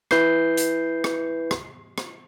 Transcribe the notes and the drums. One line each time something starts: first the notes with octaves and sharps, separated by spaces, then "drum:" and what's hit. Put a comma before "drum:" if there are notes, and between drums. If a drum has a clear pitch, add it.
E4 B4 G6 C7, drum: rim click
drum: hi-hat
drum: rim click
drum: rim click
drum: rim click